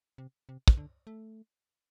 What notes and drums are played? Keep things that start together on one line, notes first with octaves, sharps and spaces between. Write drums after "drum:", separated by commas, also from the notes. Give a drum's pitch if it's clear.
C3
C3
drum: kick
D3
A3